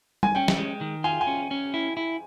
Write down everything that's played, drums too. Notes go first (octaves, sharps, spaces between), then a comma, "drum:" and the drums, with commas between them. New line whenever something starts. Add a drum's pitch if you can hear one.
G#5, drum: tom G3
C#4 G5
drum: snare
G#3
D#3
F4 G#5
G#5
C#4
C#4
E4
E4